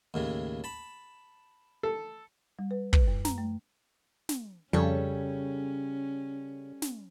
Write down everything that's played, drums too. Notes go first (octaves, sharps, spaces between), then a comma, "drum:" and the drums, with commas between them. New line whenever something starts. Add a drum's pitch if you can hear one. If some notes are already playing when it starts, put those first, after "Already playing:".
D#2 A2 C#3
A5 B5
A4
G3
B4
B4, drum: kick
F#2
A#5, drum: snare
A3
drum: snare
F2 C#3 G3 C#4 A4 C#5
drum: snare